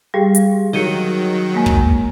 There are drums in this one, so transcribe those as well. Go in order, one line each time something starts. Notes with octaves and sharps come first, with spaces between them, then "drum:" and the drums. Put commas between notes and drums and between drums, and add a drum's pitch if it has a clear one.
G3 G4 G#4 F5
drum: hi-hat
D#3 F#3 G#4 C#7 D#7 G7
G#3 A#3
drum: kick